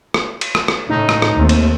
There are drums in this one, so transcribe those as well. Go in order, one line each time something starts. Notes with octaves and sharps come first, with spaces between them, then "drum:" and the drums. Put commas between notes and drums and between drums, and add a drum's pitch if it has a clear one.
drum: rim click
drum: cymbal
drum: rim click
drum: rim click
A2 C#3 D#4
drum: rim click
drum: rim click
D#2 A3 C4
drum: cymbal